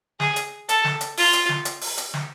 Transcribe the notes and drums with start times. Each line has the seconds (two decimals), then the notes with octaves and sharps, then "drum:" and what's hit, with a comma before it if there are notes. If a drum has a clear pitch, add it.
0.20 G#4, drum: snare
0.36 drum: hi-hat
0.69 A4, drum: hi-hat
0.84 drum: snare
1.01 drum: hi-hat
1.17 F4, drum: open hi-hat
1.33 drum: hi-hat
1.49 drum: snare
1.65 drum: hi-hat
1.81 drum: open hi-hat
1.97 drum: hi-hat
2.14 drum: snare